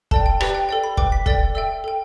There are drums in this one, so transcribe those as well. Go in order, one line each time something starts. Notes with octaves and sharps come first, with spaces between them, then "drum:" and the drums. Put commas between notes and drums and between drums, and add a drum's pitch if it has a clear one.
A4 D5 G5 A5, drum: kick
G5
G4 B4 D5, drum: rim click
G5
A4 D5 G5
B5
B4 G5 D6, drum: kick
B6
A4 D5 G5 A6, drum: kick
A4 E5 G5 E6
A4 G5